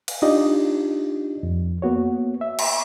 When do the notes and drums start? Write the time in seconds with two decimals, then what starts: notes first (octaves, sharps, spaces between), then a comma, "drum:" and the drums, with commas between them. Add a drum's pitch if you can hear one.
0.08 drum: cymbal
0.22 D4 D#4 F4 G4 D5 D#5
1.43 F2
1.82 A#3 B3 F#4 C#5
2.41 E5
2.59 drum: cymbal